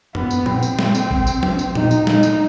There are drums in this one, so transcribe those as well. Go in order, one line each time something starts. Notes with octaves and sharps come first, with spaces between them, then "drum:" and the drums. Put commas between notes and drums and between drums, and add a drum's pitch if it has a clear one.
B3, drum: tom F#2
drum: tambourine
C4, drum: tom A#2
drum: tambourine
drum: snare
drum: tambourine
drum: kick
drum: tambourine
drum: tom F3
drum: tambourine
D#4, drum: tom A#2
drum: tambourine
D#4, drum: snare
drum: tambourine